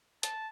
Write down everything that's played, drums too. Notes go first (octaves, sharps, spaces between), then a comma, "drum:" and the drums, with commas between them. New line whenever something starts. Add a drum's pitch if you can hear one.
A5, drum: hi-hat